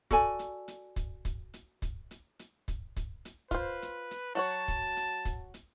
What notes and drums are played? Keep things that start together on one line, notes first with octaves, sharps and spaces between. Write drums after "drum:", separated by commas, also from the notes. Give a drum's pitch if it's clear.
F#4 A4 D5 G#5, drum: kick, hi-hat
drum: hi-hat
drum: hi-hat
drum: kick, hi-hat
drum: kick, hi-hat
drum: hi-hat
drum: kick, hi-hat
drum: hi-hat
drum: hi-hat
drum: kick, hi-hat
drum: kick, hi-hat
drum: hi-hat
F4 B4 C5, drum: kick, hi-hat
drum: hi-hat
drum: hi-hat
F#3 F#4 C#5 A5
drum: kick, hi-hat
drum: hi-hat
drum: kick, hi-hat
drum: hi-hat